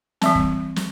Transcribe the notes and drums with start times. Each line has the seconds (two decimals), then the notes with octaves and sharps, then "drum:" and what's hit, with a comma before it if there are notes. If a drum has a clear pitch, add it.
0.22 E3 G3 C4, drum: snare
0.35 drum: kick
0.76 drum: snare